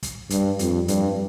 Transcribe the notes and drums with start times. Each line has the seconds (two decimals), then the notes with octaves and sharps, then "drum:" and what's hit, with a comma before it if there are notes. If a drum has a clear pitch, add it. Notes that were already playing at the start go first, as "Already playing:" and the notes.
0.03 drum: kick, hi-hat
0.30 G2, drum: hi-hat
0.59 F2, drum: hi-hat
0.88 G2, drum: hi-hat